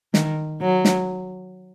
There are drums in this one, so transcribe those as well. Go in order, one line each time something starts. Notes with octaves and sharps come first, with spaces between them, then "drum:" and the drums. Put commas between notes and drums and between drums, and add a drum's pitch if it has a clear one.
D#3, drum: snare
F#3
drum: snare